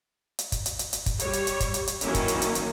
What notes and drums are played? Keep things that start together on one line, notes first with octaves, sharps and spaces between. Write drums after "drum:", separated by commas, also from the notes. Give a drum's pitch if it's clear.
drum: hi-hat
drum: kick, hi-hat
drum: hi-hat
drum: hi-hat
drum: hi-hat
drum: kick, hi-hat
G3 C#5, drum: hi-hat
drum: hi-hat
drum: hi-hat
drum: kick, hi-hat
drum: hi-hat
drum: hi-hat
D#3 E3 F#3 A#3 C#4 E4, drum: hi-hat
drum: kick, hi-hat
drum: hi-hat
drum: hi-hat
drum: hi-hat